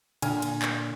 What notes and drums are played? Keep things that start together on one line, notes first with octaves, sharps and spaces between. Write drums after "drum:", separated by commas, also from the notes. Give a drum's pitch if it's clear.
A#2 D3 D4 G#5 F6, drum: cymbal
drum: cymbal
drum: clap